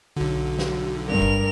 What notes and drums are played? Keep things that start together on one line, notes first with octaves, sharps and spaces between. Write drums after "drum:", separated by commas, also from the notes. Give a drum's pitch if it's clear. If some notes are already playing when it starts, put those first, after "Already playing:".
B1 D3 F#4
drum: snare
G2 A#4 F7
drum: kick